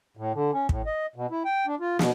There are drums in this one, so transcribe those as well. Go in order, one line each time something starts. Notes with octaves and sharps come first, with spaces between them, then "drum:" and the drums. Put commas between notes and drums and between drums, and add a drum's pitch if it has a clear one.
A2
D3
C#4
A2, drum: kick
D#5
B2
E4
G5
D4
F4
B2, drum: snare